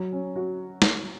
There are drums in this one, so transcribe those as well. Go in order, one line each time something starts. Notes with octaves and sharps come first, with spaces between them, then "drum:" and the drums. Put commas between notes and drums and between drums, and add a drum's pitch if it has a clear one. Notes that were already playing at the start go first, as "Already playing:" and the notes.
Already playing: F#3
C#4
F#4
drum: snare